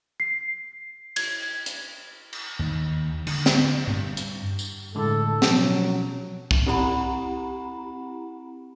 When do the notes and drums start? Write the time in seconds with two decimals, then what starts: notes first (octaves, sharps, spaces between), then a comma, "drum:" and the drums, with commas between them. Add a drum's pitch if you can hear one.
0.20 C7
1.16 G#6, drum: cymbal
1.66 drum: hi-hat
2.33 drum: cymbal
2.59 D#2
3.27 D3, drum: cymbal
3.46 drum: snare
3.87 G2
4.17 drum: hi-hat
4.59 drum: tambourine
4.95 A2 D3 G#3 A4
5.42 B2 F3 F#3 C#4, drum: snare
6.51 drum: kick
6.67 C4 E4 G4 F#5 A#5 B5